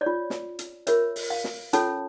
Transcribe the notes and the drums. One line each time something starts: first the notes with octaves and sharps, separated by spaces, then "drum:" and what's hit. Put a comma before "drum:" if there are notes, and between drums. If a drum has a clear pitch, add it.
C#5 D5
F4
drum: snare
drum: hi-hat
F4 A#4 C#5 E5, drum: hi-hat
drum: open hi-hat
F5
drum: snare
C#4 F4 A4 C#5 A5, drum: hi-hat